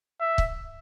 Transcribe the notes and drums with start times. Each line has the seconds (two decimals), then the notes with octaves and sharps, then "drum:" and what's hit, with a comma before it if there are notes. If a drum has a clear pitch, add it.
0.21 E5
0.38 drum: kick